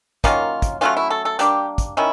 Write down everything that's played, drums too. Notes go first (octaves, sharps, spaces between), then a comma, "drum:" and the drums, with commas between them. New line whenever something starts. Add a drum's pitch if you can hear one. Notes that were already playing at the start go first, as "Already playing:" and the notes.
D#3 F#3 A#3 C#4 F4, drum: kick, hi-hat
drum: kick, hi-hat
F#3 A3 C#4 F4
E4
A4
A4
G3 A#3 D4 G4, drum: hi-hat
drum: kick, hi-hat
D#3 C#4 E4